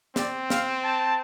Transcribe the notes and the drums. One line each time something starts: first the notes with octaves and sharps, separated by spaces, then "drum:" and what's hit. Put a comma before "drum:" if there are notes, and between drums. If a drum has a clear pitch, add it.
C4 D5, drum: snare
F5, drum: snare
A5